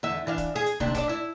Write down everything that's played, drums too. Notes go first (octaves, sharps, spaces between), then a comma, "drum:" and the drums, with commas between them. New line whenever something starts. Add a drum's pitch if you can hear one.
E2 D3 E5
E3 D4 F5
drum: kick, hi-hat
G#4
drum: hi-hat
D#2 C3 D4, drum: kick
D4 G4 D5, drum: kick, hi-hat
E4